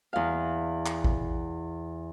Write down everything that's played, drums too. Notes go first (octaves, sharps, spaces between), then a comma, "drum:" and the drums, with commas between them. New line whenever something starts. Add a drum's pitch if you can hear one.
E2 F5
drum: clap
drum: kick A1